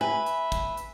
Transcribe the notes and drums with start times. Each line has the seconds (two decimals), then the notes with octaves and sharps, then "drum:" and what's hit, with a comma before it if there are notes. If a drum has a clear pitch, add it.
0.01 B4 E5 G#5
0.26 drum: hi-hat
0.52 drum: kick, hi-hat
0.77 drum: hi-hat